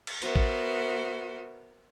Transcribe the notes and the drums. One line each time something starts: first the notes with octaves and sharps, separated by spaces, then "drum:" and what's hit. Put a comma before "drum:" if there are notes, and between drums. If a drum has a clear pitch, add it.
drum: cymbal
B3 F#4 A#4 C5 E5, drum: hi-hat
drum: kick A1